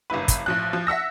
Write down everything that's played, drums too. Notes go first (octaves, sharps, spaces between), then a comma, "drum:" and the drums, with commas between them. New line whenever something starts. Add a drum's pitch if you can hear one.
F#1 G2 E4 B4
drum: kick, hi-hat
A1 F3 F#6
F3
E5 F#5 E6 A#6